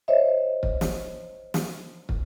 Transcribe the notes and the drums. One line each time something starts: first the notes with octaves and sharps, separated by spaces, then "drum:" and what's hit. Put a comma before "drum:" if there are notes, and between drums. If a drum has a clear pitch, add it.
C5 C#5 D#5 E5
drum: kick
drum: snare
drum: snare
drum: kick